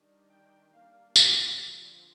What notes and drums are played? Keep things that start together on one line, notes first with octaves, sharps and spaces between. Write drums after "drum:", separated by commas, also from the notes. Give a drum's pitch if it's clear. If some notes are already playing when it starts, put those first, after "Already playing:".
Already playing: D#3 G3 D4
G5
G3 A#3 D4 F5
G5, drum: tambourine
D3 F3 C4